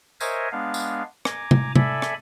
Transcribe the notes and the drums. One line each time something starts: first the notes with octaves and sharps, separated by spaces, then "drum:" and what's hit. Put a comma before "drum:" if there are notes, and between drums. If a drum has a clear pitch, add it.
A#4 C5 C#5 D#5 E5 G#5, drum: tambourine
G#3 B3 D4 F5
drum: tambourine
G#5 A#5 D6, drum: rim click
drum: tom C3
A4 D5 E5 G#5 B5, drum: tom C3
drum: rim click